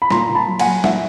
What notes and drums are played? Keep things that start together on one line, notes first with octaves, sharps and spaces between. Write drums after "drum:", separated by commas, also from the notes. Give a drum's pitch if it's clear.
B5
A#2 A#5 C6, drum: snare
A#2
A5 B5
F#3
F#5 G#5, drum: cymbal
F#3
A#2 E5 F#5, drum: snare